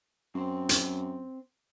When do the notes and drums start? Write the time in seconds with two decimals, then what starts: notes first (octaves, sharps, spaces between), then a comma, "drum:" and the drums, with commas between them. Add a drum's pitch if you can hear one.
0.35 F#2 C4 C5
0.69 drum: hi-hat